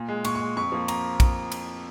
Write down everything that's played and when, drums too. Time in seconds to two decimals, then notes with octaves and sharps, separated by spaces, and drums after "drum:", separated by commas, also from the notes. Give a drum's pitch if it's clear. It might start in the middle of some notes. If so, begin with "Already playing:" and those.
Already playing: A#2
0.09 G#3
0.25 A#2 C#6, drum: cymbal
0.35 C#6
0.41 G#3
0.56 F2 C#6
0.72 F3 A#3
0.88 A#5, drum: cymbal
1.20 drum: kick A#1, cymbal
1.52 drum: cymbal